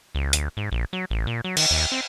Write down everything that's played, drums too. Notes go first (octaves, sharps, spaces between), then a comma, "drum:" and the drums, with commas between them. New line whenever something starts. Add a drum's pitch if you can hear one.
C#2
D2, drum: hi-hat
G#2
A#1
F#3
A1
A#2
F#3
D#3, drum: cymbal
D#2
C4